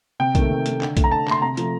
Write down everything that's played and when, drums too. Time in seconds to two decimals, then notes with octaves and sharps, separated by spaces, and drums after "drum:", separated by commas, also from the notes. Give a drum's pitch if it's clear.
0.20 C3 G5
0.35 D#3 A3, drum: kick, hi-hat
0.50 C3
0.66 D#3 A3, drum: hi-hat
0.81 D3, drum: clap
0.97 A3, drum: kick, hi-hat
1.04 A#5
1.11 D3 A5
1.28 A3 C6, drum: clap
1.42 C3 A#5
1.57 F3 A3, drum: hi-hat